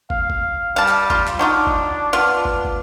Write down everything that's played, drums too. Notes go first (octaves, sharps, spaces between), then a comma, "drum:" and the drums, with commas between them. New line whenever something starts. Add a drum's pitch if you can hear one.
F5, drum: kick
drum: kick
G3 F5 A5
drum: clap
F4, drum: kick
drum: clap
F#3 D4 D#4 F4
drum: kick
B3 F4
drum: kick
drum: kick